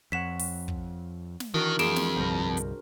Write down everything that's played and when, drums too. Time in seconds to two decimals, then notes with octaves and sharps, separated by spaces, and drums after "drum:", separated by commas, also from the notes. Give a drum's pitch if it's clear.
0.12 F2 C#5 F#5 B6 E7
0.39 drum: open hi-hat
0.68 drum: kick
1.40 drum: snare
1.54 D#3 E3 D4 F#4 A#4
1.79 F2 G#4 C6 D6 D7 E7, drum: snare
1.96 drum: snare
2.16 C2 G2 D3 C4 A#4
2.57 drum: hi-hat